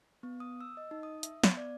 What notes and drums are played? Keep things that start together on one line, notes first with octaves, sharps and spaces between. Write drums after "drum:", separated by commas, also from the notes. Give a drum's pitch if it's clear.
B3
D#6
E6
D#5
D#4
D#6
E5, drum: hi-hat
B3, drum: snare
D5